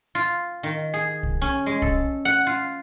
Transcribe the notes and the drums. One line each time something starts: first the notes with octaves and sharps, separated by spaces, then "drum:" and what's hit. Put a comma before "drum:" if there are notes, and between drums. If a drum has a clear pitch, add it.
F4
D#3
G#4
drum: kick
C#4
G#3
A4, drum: kick
F#5
F4